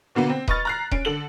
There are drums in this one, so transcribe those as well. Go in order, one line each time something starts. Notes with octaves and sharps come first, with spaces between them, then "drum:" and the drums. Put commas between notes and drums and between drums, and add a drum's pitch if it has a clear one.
B2 D3 A#3 B3
C4
B4 D#5 C#6 F6 A6, drum: kick D#1
A#5 F#6 C7
C#4 D7, drum: kick D#1
D3 A4 F#7